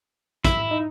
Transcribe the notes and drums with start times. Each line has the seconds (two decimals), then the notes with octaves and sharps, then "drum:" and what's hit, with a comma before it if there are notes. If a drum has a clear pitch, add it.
0.45 E4 E5, drum: kick, hi-hat
0.71 D#4